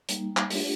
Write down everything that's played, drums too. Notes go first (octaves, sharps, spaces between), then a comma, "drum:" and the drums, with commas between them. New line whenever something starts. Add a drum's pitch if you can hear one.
G3 A#3 D#4, drum: hi-hat
drum: clap
A3 D4 F4 G4, drum: open hi-hat